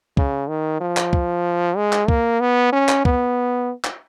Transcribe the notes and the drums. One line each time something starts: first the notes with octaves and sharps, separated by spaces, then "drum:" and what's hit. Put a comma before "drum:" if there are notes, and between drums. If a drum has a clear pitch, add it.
C#3, drum: kick
D#3
F3
drum: clap
drum: kick
G#3
drum: clap
A#3, drum: kick
B3
C#4
drum: clap
B3, drum: kick
drum: clap